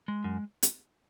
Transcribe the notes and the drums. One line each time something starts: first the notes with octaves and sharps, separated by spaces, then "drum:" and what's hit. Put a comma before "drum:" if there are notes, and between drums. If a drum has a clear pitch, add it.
G#3
F#2
drum: hi-hat